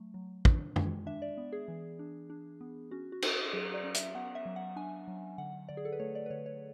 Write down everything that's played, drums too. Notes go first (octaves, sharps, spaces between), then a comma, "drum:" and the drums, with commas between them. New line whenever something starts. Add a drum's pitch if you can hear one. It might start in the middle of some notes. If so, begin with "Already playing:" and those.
Already playing: F#3 A3
F#3
D4, drum: kick
G#3, drum: tom F#2
D4 E5
D5
B3
G#4
E3
D4
D4
B3
C#4 F#4
F#4
C#4, drum: cymbal
F#3 G#4
D5
C#4
E5, drum: hi-hat
B3 F#5
E5
F#3
F#5
D4 G#5
F#3
D3 F#5
D3 D5
G#4
A4
B4
A3 C#5
D5
B4
D3 C#5
C#5